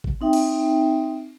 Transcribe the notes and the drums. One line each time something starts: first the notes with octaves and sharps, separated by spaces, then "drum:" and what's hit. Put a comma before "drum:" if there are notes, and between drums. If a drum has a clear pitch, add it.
drum: kick G#1
C4 D#4 E5 G5
drum: cymbal